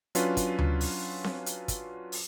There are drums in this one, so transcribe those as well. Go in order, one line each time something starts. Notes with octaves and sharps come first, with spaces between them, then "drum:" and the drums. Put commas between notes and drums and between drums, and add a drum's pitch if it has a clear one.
F#3 C#4 D4 F4 B4, drum: hi-hat
drum: kick, hi-hat
drum: tom D2
drum: open hi-hat
drum: snare C4
drum: hi-hat
drum: kick, hi-hat
drum: open hi-hat